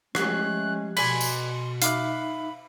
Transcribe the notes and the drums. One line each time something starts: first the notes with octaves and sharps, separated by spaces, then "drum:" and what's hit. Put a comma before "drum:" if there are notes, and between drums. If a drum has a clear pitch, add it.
F3 G#3 A3 C#4 G4 F#6 G#6, drum: rim click
B2 B4 D5 G#5 C6, drum: cymbal
drum: tambourine
D#4 E5 F5 B5 D6 F#6, drum: hi-hat